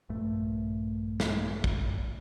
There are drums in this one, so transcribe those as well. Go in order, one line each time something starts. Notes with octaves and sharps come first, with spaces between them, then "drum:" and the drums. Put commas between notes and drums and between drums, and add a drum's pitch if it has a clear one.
A#1 G2 A3
drum: snare
drum: kick